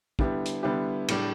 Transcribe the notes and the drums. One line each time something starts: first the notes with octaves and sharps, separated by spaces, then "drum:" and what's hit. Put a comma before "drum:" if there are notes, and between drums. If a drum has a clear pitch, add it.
D3 G3 B3 E4 G4, drum: kick
drum: hi-hat
D3 G3 B3 E4 G4
A2 G3 D4, drum: cymbal